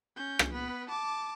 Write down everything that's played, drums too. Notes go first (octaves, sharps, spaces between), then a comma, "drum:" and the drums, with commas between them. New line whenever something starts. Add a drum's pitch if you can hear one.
C#4 G6
drum: rim click
B3 B4
A5 D6